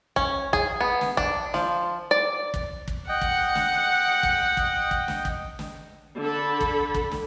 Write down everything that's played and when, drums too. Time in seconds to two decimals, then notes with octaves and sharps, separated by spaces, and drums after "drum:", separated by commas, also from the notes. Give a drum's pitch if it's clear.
0.16 C#4, drum: kick
0.53 G#4, drum: kick
0.81 B3
1.01 drum: snare
1.17 D4, drum: kick
1.54 F3, drum: snare
2.11 D5
2.54 drum: kick
2.88 drum: kick
3.09 D#5 F#5 G5
3.21 drum: kick
3.55 drum: snare
4.23 drum: kick
4.57 drum: kick
4.91 drum: kick
5.08 drum: snare
5.25 drum: kick
5.59 drum: snare
6.20 D3 A4 B5
6.61 drum: kick
6.94 drum: kick
7.11 drum: snare